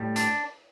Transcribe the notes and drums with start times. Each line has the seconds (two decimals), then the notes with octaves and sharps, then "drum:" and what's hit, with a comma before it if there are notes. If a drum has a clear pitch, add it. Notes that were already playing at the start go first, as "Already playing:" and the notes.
Already playing: A2 G3
0.16 D4, drum: hi-hat